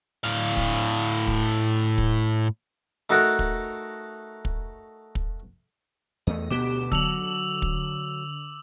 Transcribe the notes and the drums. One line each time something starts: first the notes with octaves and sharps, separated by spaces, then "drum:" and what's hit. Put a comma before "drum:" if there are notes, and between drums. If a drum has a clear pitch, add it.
A2 F5
drum: kick
drum: kick
drum: kick
A3 D#4 F#4 A4 A#4 F#5
drum: kick
drum: kick
drum: kick
E2 A3 D#5
D2 B2 B3 G4 D6 E7
D3 F#3 E6 F7 F#7, drum: kick
drum: kick